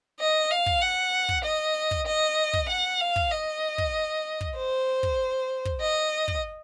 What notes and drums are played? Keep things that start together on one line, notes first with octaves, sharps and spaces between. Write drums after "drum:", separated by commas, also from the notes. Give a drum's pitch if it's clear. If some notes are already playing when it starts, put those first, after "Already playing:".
D#5
F5
drum: kick
F#5
drum: kick
D#5
drum: kick
D#5
drum: kick
F#5
F5
drum: kick
D#5
drum: kick
drum: kick
C5
drum: kick
drum: kick
D#5
drum: kick